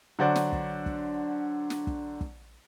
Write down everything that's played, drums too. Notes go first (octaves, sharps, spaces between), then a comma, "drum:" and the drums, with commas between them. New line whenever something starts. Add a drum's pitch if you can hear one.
D3 F#3 F#4 C5 D5
drum: snare
drum: kick
drum: kick
drum: snare
drum: kick
drum: kick